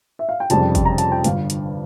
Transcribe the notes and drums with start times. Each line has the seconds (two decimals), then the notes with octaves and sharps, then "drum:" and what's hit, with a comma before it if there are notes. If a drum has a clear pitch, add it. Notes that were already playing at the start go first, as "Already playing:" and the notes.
0.19 E5
0.29 F5
0.40 G5
0.50 F1 F2 C#3 G3 A5, drum: hi-hat
0.75 drum: kick, hi-hat
0.85 A#5
0.98 A5, drum: hi-hat
1.12 G5
1.24 G1 G2 D3 F5, drum: hi-hat
1.50 drum: hi-hat